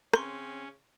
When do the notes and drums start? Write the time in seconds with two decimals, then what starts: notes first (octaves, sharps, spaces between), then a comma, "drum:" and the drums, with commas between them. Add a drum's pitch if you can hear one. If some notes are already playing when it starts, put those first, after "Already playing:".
0.13 C#3 C4 C#4 C6 C#6, drum: rim click